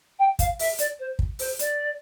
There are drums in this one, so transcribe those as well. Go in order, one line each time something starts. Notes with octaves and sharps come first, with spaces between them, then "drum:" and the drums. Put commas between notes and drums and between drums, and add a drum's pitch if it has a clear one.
G5
F5, drum: kick, hi-hat
E5, drum: open hi-hat
D5, drum: hi-hat
C5
drum: kick
C5, drum: open hi-hat
D5, drum: hi-hat